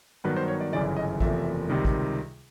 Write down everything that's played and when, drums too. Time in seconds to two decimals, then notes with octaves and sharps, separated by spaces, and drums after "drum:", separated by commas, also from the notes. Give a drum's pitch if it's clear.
0.24 G2 D#3 F#3 B3 B4
0.36 C5
0.48 C#5
0.60 D5
0.72 G1 F#2 C#3 E3 D5
0.96 D#5
1.21 F#1 E2 C3 F3 A3 E5, drum: kick
1.69 C#2 C3 D#3 G3
1.85 drum: kick